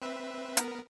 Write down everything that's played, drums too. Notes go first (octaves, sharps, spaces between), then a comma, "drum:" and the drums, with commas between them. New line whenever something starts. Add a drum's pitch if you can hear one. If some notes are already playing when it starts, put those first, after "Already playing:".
C4 B4 E5
B3 A#4, drum: hi-hat